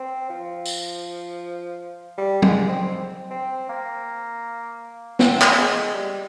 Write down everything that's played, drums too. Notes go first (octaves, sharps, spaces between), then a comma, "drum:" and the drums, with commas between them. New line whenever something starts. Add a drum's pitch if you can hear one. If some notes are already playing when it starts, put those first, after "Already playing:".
Already playing: C4
F3
drum: tambourine
G3
G#3, drum: tom F#3
C4
C4
A#3
C4, drum: snare
drum: clap
G#3
G3